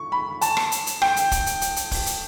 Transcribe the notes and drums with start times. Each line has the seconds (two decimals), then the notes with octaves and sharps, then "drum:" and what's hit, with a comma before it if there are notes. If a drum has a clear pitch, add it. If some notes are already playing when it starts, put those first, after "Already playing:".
Already playing: C#6
0.12 B5
0.41 A5, drum: hi-hat
0.57 drum: rim click
0.72 drum: hi-hat
0.87 drum: hi-hat
1.02 G5, drum: rim click
1.17 drum: hi-hat
1.32 drum: kick, hi-hat
1.46 drum: hi-hat
1.61 drum: hi-hat
1.76 drum: hi-hat
1.91 drum: kick, open hi-hat
2.06 drum: hi-hat